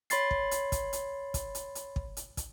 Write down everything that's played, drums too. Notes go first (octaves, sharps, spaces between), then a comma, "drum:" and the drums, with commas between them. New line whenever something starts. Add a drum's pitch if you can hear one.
C#5 B5 C6 A6 C7, drum: hi-hat
drum: kick
drum: hi-hat
drum: kick, hi-hat
drum: hi-hat
drum: kick, hi-hat
drum: hi-hat
drum: hi-hat
drum: kick
drum: hi-hat
drum: kick, hi-hat